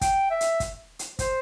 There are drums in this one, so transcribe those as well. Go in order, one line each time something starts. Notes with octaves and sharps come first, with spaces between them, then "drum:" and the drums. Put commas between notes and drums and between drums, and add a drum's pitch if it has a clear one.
G5, drum: kick, hi-hat
E5
drum: hi-hat
drum: kick, hi-hat
drum: hi-hat
C5, drum: kick, hi-hat